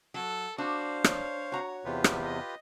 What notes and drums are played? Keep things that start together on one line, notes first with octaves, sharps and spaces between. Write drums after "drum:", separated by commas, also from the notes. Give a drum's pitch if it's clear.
F#3 A4
D4 F#4 C5 F5
C#5, drum: rim click
F#4 A#5
E2 C3 F4 G4 B4
drum: rim click
D#5